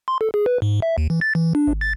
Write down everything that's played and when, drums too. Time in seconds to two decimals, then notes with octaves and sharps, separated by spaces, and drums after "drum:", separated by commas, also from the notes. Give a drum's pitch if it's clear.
0.08 C6
0.21 A4
0.34 G#4
0.46 B4
0.62 G#2
0.82 E5
0.98 D#2
1.10 E3
1.21 A6
1.35 E3
1.55 D4
1.67 drum: kick G#1
1.81 A6